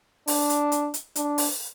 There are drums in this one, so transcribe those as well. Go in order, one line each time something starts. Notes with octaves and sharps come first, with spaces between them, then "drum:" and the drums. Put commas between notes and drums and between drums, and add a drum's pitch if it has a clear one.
D4, drum: open hi-hat
drum: hi-hat
drum: hi-hat
drum: hi-hat
D4, drum: hi-hat
drum: open hi-hat